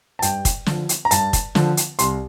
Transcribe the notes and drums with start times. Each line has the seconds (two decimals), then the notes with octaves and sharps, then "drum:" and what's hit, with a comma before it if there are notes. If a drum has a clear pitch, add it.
0.19 A5
0.22 G2 G5, drum: hi-hat
0.45 drum: kick, hi-hat
0.66 D3 F3, drum: snare
0.89 drum: hi-hat
1.05 A#5
1.11 G2 A5, drum: hi-hat
1.33 drum: kick, hi-hat
1.55 D3 F3, drum: snare
1.77 drum: hi-hat
1.99 C2 C6, drum: hi-hat